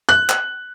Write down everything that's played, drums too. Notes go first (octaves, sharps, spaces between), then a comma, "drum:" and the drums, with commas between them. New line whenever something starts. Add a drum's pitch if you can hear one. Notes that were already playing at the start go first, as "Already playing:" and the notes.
F#6
drum: clap